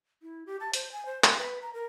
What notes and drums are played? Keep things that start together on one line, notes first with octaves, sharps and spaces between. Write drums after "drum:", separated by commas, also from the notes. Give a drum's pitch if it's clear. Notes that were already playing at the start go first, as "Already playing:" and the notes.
E4
G4
A5
C5, drum: hi-hat
G#5
C5
G5, drum: clap
B4
A#5
A#4